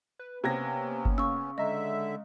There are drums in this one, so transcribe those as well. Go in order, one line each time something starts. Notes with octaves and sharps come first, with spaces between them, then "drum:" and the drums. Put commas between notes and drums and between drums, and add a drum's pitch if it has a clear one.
B4
C3 A#3 B3 C#4 G#6 A#6
drum: kick G1
C#3 C#6 E6
D3 G#3 D#5 E5 A#5